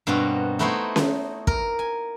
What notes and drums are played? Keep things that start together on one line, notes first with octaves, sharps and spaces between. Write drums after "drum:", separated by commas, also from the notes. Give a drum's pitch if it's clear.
G2 B2 A#3 C4 F#4 A#5
A3 B3 D#4 E4 F#4 C5
drum: snare C#4
A#4, drum: kick
G#5